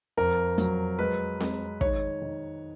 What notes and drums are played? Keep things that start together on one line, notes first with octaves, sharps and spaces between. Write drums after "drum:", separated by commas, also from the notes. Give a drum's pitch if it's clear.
F2 A#4
F#3, drum: hi-hat
G#3 B4
G#3, drum: snare C4
D#3 C#5, drum: kick
D#3